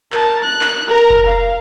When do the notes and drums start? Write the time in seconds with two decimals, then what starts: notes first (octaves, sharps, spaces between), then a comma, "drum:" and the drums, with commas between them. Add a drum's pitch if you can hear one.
0.12 A#4 A5, drum: clap
0.45 F#6
0.61 drum: clap
0.88 A#4 A#5
1.10 drum: kick F1
1.27 F5